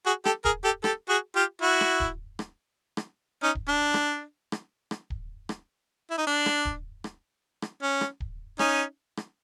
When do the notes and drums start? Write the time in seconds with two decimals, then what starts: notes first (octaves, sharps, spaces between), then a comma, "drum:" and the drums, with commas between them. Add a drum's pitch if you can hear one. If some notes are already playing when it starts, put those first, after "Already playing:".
0.06 F#4 G#4
0.25 G4 A4, drum: rim click
0.45 G#4 A#4, drum: kick D1
0.64 G4 A4
0.84 G4 A4, drum: rim click
1.09 F#4 G#4
1.36 F4 G4
1.62 E4 F#4
1.81 drum: rim click
2.00 drum: kick D1
2.39 drum: rim click
2.97 drum: rim click
3.43 C#4 D#4
3.55 drum: kick D1
3.69 D4
3.94 drum: rim click
4.52 drum: rim click
4.91 drum: rim click
5.10 drum: kick D1
5.49 drum: rim click
6.10 E4
6.18 D#4
6.27 D4
6.46 drum: rim click
6.65 drum: kick D1
7.04 drum: rim click
7.62 drum: rim click
7.82 C#4
8.01 drum: rim click
8.20 drum: kick D1
8.59 C#4 D#4, drum: rim click
9.17 drum: rim click